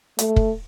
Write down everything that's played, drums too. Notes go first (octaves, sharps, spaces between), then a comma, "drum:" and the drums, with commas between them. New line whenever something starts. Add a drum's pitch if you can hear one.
A3, drum: hi-hat
drum: kick